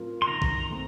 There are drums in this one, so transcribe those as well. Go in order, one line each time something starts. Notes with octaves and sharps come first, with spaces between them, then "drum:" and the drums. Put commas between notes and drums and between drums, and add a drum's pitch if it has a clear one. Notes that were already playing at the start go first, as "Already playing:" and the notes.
Already playing: A2 F3 C4 F4 A#4
C6
D#3 A#5
drum: kick
A3 C4 D#4